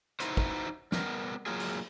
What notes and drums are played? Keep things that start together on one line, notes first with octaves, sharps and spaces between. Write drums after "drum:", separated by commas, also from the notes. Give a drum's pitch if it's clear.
D#4 E4 F#4 B4 C5, drum: hi-hat
drum: kick
G3 B3 A#4, drum: snare
F#3 A#3 F4 G#4
drum: cymbal